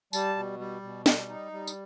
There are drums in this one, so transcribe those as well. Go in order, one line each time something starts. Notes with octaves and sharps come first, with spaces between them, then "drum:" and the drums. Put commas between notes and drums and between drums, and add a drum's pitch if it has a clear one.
G3 A5, drum: tambourine
B2
G3
B2
G3, drum: snare
D#4
G3
drum: tambourine